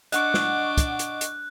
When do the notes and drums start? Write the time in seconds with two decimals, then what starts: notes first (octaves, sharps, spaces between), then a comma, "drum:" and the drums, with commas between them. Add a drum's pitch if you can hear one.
0.12 D4 D#5 F#5 C#6 D6 F#6, drum: hi-hat
0.34 drum: snare
0.78 drum: kick, hi-hat
0.99 drum: hi-hat
1.21 drum: hi-hat